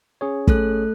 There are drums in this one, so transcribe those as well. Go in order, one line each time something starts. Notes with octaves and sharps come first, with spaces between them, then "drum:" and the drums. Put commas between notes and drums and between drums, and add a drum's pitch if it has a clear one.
C#4 G#4 C#5
A3 A4 F#6, drum: kick